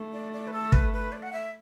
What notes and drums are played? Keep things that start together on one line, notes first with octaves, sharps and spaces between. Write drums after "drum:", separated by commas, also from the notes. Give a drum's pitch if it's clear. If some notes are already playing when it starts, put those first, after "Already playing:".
Already playing: A3
D5
D5
B4
A4
B4, drum: kick
B4
D5
F#5
E5